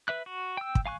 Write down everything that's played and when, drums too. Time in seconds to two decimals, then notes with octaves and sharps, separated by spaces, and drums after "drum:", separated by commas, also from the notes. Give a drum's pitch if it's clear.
0.08 B4 E5 F#6
0.26 F#4
0.57 G5 E6
0.75 drum: kick
0.86 F5 G#5 C#6 F#6